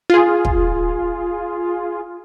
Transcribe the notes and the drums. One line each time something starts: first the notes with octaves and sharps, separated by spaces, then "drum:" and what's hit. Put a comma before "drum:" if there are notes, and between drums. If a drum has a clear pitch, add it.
F4 G#4
drum: kick